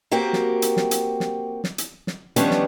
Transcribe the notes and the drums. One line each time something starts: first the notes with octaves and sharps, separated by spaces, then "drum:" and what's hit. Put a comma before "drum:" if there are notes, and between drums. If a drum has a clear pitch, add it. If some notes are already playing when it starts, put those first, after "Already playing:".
A#3 C4 F#4 G4 A#4
drum: snare
drum: hi-hat
drum: snare
drum: hi-hat
drum: snare
drum: snare
drum: hi-hat
drum: snare
D#3 F3 G3 B3 C#4 D4, drum: hi-hat
drum: snare